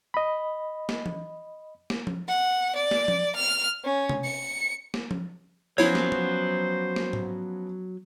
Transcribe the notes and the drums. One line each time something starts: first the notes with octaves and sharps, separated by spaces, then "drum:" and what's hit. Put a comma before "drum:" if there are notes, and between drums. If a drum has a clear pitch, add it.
D#5 B5
drum: snare
drum: tom E3
drum: snare
drum: tom F3
F#5
D5
drum: snare
drum: tom F3
F6
C#4
drum: tom C3
C#7
drum: snare
drum: tom F3
F3 F#3 B3 C#4 E4 C5 C#5
drum: snare
drum: tom F3
drum: snare
drum: tom G#2